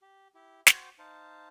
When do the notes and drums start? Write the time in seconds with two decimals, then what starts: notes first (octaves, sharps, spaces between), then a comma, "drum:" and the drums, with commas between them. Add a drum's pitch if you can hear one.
0.02 G4
0.35 E4 G4
0.67 F#4 C5 G5 D6, drum: snare
0.99 D#4 C5 F5 A5